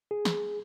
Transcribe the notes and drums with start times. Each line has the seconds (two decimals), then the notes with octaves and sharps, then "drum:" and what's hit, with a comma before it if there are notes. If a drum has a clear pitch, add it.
0.11 G#4
0.25 drum: snare